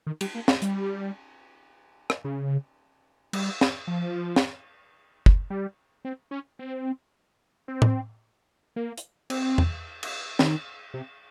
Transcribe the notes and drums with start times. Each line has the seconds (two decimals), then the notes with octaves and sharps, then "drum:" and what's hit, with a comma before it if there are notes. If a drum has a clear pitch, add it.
0.07 D#3
0.21 G3, drum: cymbal
0.35 A#3
0.48 G#3, drum: snare
0.62 G3, drum: hi-hat
2.10 drum: rim click
2.24 C#3
3.33 G3, drum: cymbal
3.61 drum: snare
3.87 F3
4.36 drum: snare
5.26 drum: kick
5.50 G3
6.05 C4
6.31 C#4
6.59 C4
7.68 C4
7.82 drum: tom
8.76 A#3
8.98 drum: hi-hat
9.30 C4, drum: cymbal
9.58 drum: tom E2
10.03 drum: cymbal
10.39 D#3, drum: snare
10.94 C3